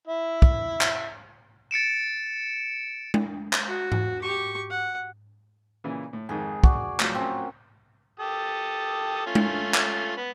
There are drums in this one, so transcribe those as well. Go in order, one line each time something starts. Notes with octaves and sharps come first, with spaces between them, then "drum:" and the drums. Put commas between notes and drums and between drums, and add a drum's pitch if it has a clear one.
E4 E5
drum: kick
drum: clap
A6 C#7 D7 E7
drum: tom G#3
drum: clap
F#4
drum: tom G#2
G4 C#6
F#5
A#2 C#3 E3
A2
F2 G#2 D#3 G#4
F#4 D5, drum: kick
A2 F3 F#3, drum: clap
C4 C#4 A#4
G4 A4 D#6
A3 C#4 F4
drum: tom G#3
drum: clap
B3 B5